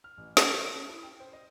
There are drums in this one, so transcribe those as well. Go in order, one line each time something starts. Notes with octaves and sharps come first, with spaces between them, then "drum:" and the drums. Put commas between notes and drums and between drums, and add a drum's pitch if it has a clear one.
F6
A1
D#4, drum: snare
A4
C#5
C#4
E4
G5
C5
D#5